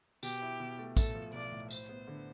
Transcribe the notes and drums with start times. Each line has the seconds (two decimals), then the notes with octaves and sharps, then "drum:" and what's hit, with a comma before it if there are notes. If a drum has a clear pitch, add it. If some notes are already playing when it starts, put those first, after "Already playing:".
0.23 B2 G4, drum: tambourine
0.42 E4
0.60 B2
0.79 A3
0.97 A3 A4, drum: kick, tambourine
1.15 F3
1.33 B1 D5
1.52 A2
1.71 E4 C5, drum: tambourine
1.89 B3
2.07 D3